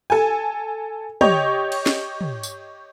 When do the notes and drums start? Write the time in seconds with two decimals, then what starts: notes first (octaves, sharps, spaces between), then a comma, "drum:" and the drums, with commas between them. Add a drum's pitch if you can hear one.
0.10 A4 G#5
1.21 G4 C#5 D#5, drum: tom
1.72 drum: cymbal
1.86 drum: snare
2.21 drum: tom
2.43 drum: tambourine